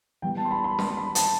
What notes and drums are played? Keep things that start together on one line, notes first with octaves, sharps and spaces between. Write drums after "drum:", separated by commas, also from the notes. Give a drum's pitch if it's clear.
E3 G3 B3 G5
A5
C6
B5
B5
C6, drum: snare
B5
A5, drum: hi-hat